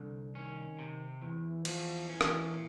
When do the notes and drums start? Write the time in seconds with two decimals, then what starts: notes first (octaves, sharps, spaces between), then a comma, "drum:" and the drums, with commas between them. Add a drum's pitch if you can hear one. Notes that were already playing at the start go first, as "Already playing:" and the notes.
Already playing: C2 D3
0.34 D#3 C#4
0.79 C3
1.21 E2 E3
1.65 E2 F3, drum: cymbal
2.09 E3 C#4
2.21 drum: rim click
2.52 A#2